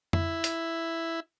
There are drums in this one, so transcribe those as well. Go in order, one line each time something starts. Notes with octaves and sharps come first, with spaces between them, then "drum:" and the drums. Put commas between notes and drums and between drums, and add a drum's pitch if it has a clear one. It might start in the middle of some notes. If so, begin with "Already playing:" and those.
E4, drum: tom F2
drum: hi-hat